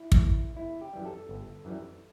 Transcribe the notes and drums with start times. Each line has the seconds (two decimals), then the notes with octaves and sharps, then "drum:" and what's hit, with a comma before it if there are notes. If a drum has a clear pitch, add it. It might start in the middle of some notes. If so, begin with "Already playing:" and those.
Already playing: E4
0.12 drum: kick
0.21 A2 E3
0.57 G1 E4
0.81 G4
0.93 F#2 E3 G3
1.06 A4
1.29 G1
1.65 F#2 E3 G3